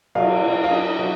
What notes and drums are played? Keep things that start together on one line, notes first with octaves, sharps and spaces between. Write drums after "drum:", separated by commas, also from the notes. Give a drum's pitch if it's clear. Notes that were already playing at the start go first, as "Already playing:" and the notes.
F#3 F5, drum: cymbal
F#3
F5
D4 D#5
F#3